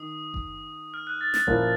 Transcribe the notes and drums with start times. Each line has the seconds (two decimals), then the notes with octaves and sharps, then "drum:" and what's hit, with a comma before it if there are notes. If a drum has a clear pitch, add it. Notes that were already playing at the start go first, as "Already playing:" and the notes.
Already playing: D#3 D#6
0.34 drum: kick F#1
0.94 F6
1.07 F#6
1.21 A6
1.34 A6, drum: snare
1.47 A#2 F3 A#3 C#4 E4, drum: kick F#1